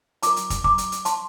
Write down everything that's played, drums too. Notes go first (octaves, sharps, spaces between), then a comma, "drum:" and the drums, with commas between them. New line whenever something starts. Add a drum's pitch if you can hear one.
F4 A#4 A#5 D6, drum: hi-hat
drum: hi-hat
drum: kick, hi-hat
A#5 D6, drum: kick
drum: hi-hat
drum: hi-hat
A5 C6, drum: hi-hat